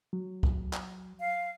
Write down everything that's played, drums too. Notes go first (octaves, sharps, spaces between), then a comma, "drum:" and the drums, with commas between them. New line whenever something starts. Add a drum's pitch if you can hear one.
F#3
drum: kick
drum: clap
F5